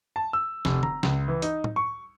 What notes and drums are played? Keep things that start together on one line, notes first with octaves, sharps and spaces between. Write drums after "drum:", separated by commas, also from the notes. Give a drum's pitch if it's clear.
A5
E6
F1, drum: snare
A#5, drum: tom
C#2, drum: snare
E3
D#4, drum: hi-hat
drum: tom
C#6